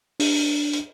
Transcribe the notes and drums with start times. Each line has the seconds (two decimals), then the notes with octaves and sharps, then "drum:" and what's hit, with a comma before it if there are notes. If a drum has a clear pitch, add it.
0.20 D4, drum: open hi-hat
0.73 drum: hi-hat